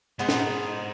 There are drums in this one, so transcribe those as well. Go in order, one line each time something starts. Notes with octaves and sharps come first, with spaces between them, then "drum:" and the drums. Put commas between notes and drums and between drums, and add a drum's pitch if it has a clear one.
G#2 B3 D#4 G#4 C5
B2, drum: snare
G#2